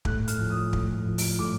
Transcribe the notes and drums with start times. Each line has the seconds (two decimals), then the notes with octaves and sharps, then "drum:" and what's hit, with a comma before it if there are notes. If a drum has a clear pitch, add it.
0.05 A2 F#6, drum: kick
0.28 F6, drum: hi-hat
0.39 F3
0.50 D#6
0.73 A2, drum: kick
1.06 F3
1.18 drum: open hi-hat
1.39 A2 D6